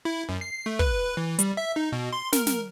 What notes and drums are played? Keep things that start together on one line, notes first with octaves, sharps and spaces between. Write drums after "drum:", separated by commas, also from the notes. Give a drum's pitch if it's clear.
E4
F#2
C7
A3
B4, drum: kick
E3
G3, drum: hi-hat
E5
D#4
B2
C6
A#4, drum: snare
drum: snare